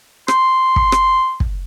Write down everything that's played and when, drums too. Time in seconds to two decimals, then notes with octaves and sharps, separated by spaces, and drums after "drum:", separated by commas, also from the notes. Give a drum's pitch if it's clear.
0.28 C6, drum: rim click
0.76 drum: kick
0.92 drum: rim click
1.40 drum: kick